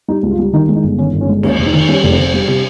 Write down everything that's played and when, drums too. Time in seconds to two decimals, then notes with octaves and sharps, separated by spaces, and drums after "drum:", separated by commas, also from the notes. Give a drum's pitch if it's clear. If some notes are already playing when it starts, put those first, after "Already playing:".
0.08 G3 D#4
0.23 C#2
0.31 F4
0.39 G3
0.53 D#3 D#4
0.68 G#3
0.76 D#4
0.83 G1
0.98 D#3 C#4
1.14 G1
1.21 C#4
1.28 G#3
1.43 D#2 C#4, drum: cymbal
1.58 F1
1.66 D#4
1.74 D#3
1.89 G3 C#4
2.03 F1
2.11 C4
2.19 F1
2.34 G3
2.48 C3